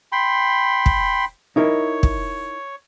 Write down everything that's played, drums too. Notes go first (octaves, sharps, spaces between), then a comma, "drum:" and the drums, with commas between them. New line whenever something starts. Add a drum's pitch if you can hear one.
G5 B5 C6
drum: kick
D#4 E4 A#4 C#5
drum: kick